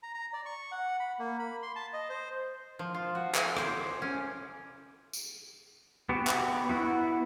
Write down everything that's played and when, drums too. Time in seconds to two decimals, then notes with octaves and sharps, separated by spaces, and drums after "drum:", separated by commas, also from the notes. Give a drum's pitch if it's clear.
0.03 A#5
0.14 A#5
0.33 D5
0.45 C#6
0.72 F#5
1.00 B5
1.19 A#3
1.39 B5
1.63 C6
1.76 A5
1.93 D#5
2.10 C5
2.79 F3
2.94 F4
3.15 F#4
3.35 G#5, drum: clap
3.57 C5, drum: rim click
4.02 C#4
5.13 drum: tambourine
6.09 B3 F#4 G4
6.27 drum: clap
6.69 B3 E4 F#4